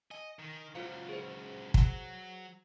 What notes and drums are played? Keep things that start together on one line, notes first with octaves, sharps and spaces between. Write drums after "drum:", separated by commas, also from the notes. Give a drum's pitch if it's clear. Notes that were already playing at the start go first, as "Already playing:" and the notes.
D#5 G#5
D#3
C#2 F#3 F4 C5 F5
G#4 C5
F#3, drum: kick